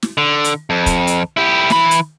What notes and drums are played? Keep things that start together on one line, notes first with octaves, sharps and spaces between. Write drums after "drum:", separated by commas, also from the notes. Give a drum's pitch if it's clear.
drum: snare
D3
drum: hi-hat
F2
drum: kick, hi-hat
drum: hi-hat
E4 G4
E3 B5, drum: snare
drum: hi-hat